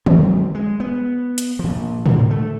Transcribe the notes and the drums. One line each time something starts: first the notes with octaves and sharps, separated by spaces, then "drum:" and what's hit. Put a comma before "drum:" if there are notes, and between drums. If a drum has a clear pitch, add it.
F#3 G#3 C4, drum: tom D3
G#3
B3
drum: hi-hat
A#2 F3
D#1 D2 D3 A#3, drum: tom A2
A3